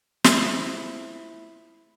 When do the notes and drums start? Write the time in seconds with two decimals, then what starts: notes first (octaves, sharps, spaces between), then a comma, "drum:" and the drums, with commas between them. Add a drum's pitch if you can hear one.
0.24 A3 B3 E4 F4 G#4 C5, drum: snare